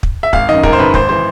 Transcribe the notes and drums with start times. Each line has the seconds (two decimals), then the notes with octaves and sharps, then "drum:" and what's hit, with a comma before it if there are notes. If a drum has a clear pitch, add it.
0.03 drum: kick
0.23 E5
0.33 G#1 F5, drum: kick
0.49 F#2 D#3 D#5
0.63 G#1 A#4, drum: kick
0.73 C5
0.79 F#2 D#3 B4
0.94 G#1 C5, drum: kick
1.09 E3 C5